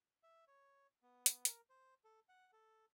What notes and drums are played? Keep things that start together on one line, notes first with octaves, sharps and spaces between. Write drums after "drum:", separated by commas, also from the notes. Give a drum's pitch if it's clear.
E5
C#5
B3
drum: hi-hat
A#4, drum: hi-hat
C5
A4
F#5
A4